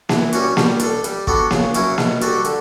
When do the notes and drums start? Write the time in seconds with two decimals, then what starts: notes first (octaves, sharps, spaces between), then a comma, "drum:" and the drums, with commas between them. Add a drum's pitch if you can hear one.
0.09 E3, drum: snare A#3
0.33 G3 C#4 F#4, drum: hi-hat
0.57 G3, drum: snare A#3
0.80 D4 A4, drum: hi-hat
1.04 G3, drum: hi-hat
1.27 B3 D4 F#4 A4, drum: kick
1.51 C#3, drum: snare A#3
1.74 F#3 C#4 E4, drum: hi-hat
1.98 B2, drum: snare A#3
2.21 G3 D4 F#4 A4, drum: hi-hat
2.45 D3, drum: hi-hat